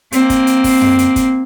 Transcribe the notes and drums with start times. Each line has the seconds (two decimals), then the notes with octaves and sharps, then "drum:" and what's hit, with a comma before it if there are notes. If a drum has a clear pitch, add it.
0.12 A#3 C4, drum: hi-hat
0.30 drum: kick F#1, hi-hat
0.47 drum: hi-hat
0.64 drum: kick F#1, open hi-hat
0.81 drum: tom F#2
0.99 drum: hi-hat
1.16 drum: kick F#1, hi-hat